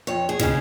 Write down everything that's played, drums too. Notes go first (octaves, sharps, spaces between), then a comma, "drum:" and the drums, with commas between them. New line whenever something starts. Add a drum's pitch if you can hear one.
F2 C#5
G#4
C#3 G#3 C#4, drum: snare